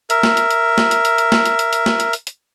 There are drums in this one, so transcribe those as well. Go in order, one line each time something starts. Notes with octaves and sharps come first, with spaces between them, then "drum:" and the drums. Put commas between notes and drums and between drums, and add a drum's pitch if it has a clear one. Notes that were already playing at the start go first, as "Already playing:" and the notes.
A#4 E5, drum: hi-hat
drum: snare
drum: hi-hat
drum: hi-hat
drum: snare
drum: hi-hat
drum: hi-hat
drum: hi-hat
drum: snare
drum: hi-hat
drum: hi-hat
drum: hi-hat
drum: snare
drum: hi-hat
drum: hi-hat
drum: hi-hat